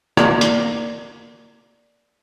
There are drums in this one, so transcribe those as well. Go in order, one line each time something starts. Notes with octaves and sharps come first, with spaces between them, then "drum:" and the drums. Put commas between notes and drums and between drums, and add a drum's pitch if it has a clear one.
A#3 D5, drum: rim click
drum: hi-hat